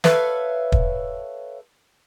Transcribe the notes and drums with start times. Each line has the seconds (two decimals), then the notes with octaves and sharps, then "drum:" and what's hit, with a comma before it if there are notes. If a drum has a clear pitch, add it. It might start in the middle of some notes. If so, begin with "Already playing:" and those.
0.04 A4 B4 C#5 E5 F5, drum: snare
0.72 drum: kick